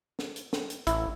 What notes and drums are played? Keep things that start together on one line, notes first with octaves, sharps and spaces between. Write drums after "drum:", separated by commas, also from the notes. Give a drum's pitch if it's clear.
drum: snare
drum: hi-hat
drum: snare
drum: hi-hat
A1 E4, drum: hi-hat